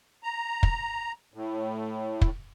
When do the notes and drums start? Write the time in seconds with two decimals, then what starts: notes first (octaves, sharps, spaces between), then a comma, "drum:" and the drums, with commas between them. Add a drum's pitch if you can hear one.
0.23 A#5
0.63 drum: kick
1.34 A2
2.21 drum: kick